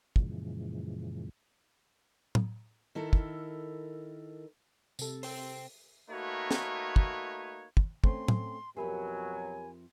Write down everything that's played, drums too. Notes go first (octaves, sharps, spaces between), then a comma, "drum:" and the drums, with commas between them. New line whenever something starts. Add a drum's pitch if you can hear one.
F#2 A#2 C#3 E3 F3 G#3, drum: kick
drum: tom A2
D#3 E4 A4 A#4
drum: kick
C3 A4, drum: tambourine
C5 G5, drum: open hi-hat
A3 A#3 D#4 F#4 B4 C#5
drum: snare
drum: kick
drum: kick
A3 C4 C#4 C6, drum: kick
drum: tom A2
F2 B2 F#3 G4 A#4 E5 G#5 B5